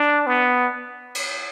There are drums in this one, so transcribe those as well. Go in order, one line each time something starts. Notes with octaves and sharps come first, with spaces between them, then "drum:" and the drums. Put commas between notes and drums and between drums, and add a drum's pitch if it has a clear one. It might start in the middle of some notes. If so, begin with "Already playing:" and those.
Already playing: D4
B3
drum: cymbal